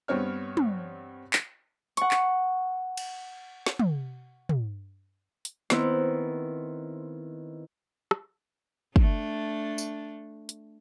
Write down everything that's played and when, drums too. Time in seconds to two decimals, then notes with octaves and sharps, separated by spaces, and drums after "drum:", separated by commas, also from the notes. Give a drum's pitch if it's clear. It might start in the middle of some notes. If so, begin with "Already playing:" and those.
0.08 G2 B3 C4 C#5 F6
0.57 drum: tom
1.33 drum: clap
1.97 F#5 C#6, drum: hi-hat
2.11 drum: clap
2.97 drum: cymbal
3.66 drum: snare
3.79 drum: tom
4.49 drum: tom
5.45 drum: hi-hat
5.70 D#3 B3 C4 E4, drum: snare
8.11 drum: rim click
8.96 A3 D4, drum: kick
9.78 drum: tambourine
10.49 drum: hi-hat